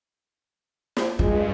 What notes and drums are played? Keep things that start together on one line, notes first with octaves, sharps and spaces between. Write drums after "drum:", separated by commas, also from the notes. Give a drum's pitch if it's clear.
drum: snare
G2 G#3 F4, drum: kick